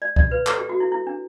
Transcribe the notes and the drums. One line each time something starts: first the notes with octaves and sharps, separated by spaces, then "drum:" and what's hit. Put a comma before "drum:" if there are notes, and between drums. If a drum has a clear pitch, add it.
D5
D5, drum: kick C2
B4
A4, drum: clap
G4
F#4
E4
E4
D4